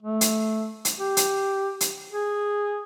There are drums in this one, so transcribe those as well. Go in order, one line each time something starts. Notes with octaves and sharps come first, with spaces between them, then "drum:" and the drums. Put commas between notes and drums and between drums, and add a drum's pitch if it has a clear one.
A3
drum: hi-hat
drum: hi-hat
G4
drum: hi-hat
drum: hi-hat
G#4